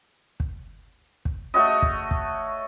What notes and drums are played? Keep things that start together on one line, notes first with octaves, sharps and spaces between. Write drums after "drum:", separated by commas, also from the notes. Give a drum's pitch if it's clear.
drum: kick
drum: kick
A3 F#4 C#5 D#5
drum: kick
drum: kick